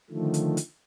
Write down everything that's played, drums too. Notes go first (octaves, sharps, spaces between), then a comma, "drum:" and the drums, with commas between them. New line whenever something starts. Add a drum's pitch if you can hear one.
D3 D#3 F3 A3
drum: hi-hat
drum: hi-hat